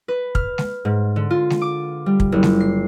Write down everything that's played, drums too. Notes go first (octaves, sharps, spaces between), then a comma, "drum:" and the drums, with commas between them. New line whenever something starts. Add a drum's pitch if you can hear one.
B4
F6, drum: kick
drum: snare G#3
G#2
D3
F4
drum: snare G#3
D6
G3
drum: kick
F#1
drum: snare G#3
C7